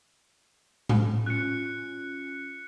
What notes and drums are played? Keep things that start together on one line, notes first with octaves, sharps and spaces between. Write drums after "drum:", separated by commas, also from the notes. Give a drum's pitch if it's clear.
drum: tom A2
C#4 F4 F#6 C#7